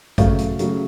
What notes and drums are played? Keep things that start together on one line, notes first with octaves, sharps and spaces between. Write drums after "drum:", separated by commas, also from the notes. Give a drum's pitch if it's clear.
C#3 F#3 A3 F5, drum: kick G#1, hi-hat
drum: hi-hat
C#3 F#3 A3, drum: hi-hat